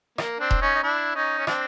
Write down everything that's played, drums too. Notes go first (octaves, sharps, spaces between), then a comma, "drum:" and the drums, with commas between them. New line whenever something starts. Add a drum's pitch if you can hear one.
A#3, drum: rim click
C4 D4
drum: kick E1
C#4 D#4
D#4
D4 E4
C#4 D#4
C#4
C4 D4, drum: rim click